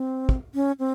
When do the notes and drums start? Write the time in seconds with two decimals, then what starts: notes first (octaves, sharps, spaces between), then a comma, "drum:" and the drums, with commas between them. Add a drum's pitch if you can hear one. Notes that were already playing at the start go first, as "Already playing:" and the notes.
Already playing: C4
0.29 drum: kick
0.55 C#4
0.79 C4